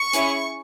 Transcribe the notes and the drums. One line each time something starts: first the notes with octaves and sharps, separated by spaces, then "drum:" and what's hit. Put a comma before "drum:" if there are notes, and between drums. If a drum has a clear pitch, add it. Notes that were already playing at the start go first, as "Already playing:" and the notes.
Already playing: C#6
C#4 E4 G#4, drum: hi-hat